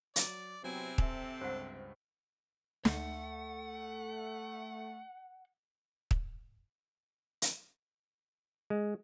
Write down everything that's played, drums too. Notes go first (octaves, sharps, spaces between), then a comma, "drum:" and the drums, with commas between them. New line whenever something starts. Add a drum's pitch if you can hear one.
F#3 D5, drum: hi-hat
C3 F#3 B3 C4 E4 G#5
A4 E5 G#5, drum: kick
C#2 G2 C5 F#5
D2 A3 F#5, drum: snare
drum: kick
drum: hi-hat
G#3